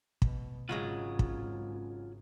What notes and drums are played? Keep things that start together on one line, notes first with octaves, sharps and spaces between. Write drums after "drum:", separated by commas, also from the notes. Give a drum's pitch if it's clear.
B2, drum: kick
G#1 C#3 F#3 G#3 C#4 F4 F#5
drum: kick